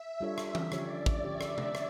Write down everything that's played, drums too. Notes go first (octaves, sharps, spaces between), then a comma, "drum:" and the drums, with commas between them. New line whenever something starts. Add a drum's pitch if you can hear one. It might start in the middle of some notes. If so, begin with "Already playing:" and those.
Already playing: E5
G3 D4 F4 A4 C#5 E5
drum: rim click
drum: tom E3
D3 F3 C#4 G4 C#5 D5, drum: rim click
drum: kick
D3 F3 C#4 G4 C#5 E5
drum: rim click
drum: tom C3
C#5, drum: rim click